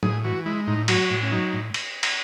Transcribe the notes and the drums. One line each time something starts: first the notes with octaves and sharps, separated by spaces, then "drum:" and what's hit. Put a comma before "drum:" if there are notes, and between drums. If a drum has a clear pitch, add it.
A2 G#4, drum: tom
E3 F#4
G#3 E4
A2 D#4
F#3 F#4, drum: cymbal
A2
C#4
F#3 D#4
A2
drum: cymbal
drum: cymbal